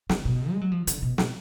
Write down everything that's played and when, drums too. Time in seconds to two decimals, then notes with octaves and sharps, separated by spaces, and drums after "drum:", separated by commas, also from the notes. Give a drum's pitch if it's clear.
0.09 D3, drum: snare
0.25 B2
0.51 G#3
0.61 F#3
0.72 F3
0.87 D3, drum: hi-hat
1.02 B2
1.18 B2, drum: snare